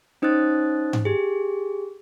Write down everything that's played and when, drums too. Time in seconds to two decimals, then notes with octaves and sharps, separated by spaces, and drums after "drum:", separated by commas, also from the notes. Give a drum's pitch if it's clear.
0.22 C#4 D#4 C5 D#6 F#6 A6
0.93 drum: tom G#2
1.05 G4 G#4